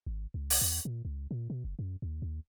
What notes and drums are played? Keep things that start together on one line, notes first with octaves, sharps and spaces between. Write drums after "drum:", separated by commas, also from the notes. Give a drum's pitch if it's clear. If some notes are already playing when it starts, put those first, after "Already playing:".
G#1
C#2
drum: open hi-hat
E2
A#2
C#2
A#2
B2
F#1
F#2
D#2
D#2